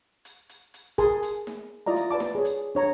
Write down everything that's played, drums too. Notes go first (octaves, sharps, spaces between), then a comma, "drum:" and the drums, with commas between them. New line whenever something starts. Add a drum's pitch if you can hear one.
drum: hi-hat
drum: hi-hat
drum: hi-hat
G#4 A#4 G#5 A5 C6, drum: kick, hi-hat
drum: hi-hat
drum: snare D#4
E4 F4 D5 D#5 A#5
drum: hi-hat
B4 D5 A5 D6
drum: snare D#4
G#4 C#5
drum: hi-hat
D4 C#5 A#5